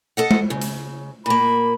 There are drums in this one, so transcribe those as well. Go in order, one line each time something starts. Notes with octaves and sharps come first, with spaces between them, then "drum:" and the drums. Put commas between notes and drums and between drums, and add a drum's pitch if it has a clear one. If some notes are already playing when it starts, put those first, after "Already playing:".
A4 D#5 F#5
drum: tom G#3
C#3
drum: hi-hat
A#2 A#3 B5